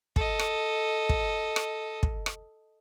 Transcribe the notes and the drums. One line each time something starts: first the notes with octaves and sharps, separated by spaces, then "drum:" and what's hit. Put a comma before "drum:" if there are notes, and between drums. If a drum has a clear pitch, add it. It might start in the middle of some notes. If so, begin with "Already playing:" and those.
A4 D#5, drum: kick
drum: rim click
drum: kick
drum: rim click
drum: kick
drum: rim click